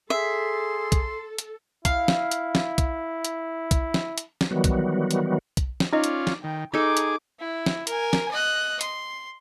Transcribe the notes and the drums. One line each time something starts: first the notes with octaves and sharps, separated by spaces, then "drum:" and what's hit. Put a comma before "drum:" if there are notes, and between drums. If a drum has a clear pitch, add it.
G#4 A4 E5 C6
drum: kick B1, hi-hat
drum: hi-hat
E4 F5, drum: kick B1, hi-hat
drum: snare
drum: hi-hat
drum: snare
drum: kick B1, hi-hat
drum: hi-hat
drum: kick B1, hi-hat
drum: snare
drum: hi-hat
drum: snare
D#3 E3 F#3 G3 B3 F#4
drum: kick B1, hi-hat
drum: hi-hat
drum: kick B1, hi-hat
drum: snare
C#4 D#4 F4 D5 D#5
drum: hi-hat
drum: snare
D#3 G5
D#4 G#4 A4 D6
drum: hi-hat
E4
drum: snare
A#4 G#5, drum: hi-hat
drum: snare
D#5 F#6
C6, drum: hi-hat